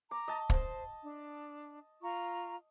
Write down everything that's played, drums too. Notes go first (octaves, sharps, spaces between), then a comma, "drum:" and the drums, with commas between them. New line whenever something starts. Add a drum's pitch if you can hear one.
A#5 D6
D#5 A5
C5, drum: kick
D4
F4 A#5 C#6